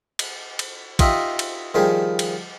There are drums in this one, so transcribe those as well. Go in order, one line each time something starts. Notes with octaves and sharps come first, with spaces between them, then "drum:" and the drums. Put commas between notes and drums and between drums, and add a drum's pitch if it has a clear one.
drum: cymbal
drum: cymbal
D#4 F4 G4 D#5 E5, drum: kick, cymbal
drum: cymbal
D#3 F3 G3 G#4
drum: cymbal